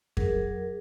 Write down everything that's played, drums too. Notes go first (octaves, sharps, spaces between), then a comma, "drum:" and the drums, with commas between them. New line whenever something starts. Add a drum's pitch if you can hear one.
F#3 G#4 A#4, drum: kick F2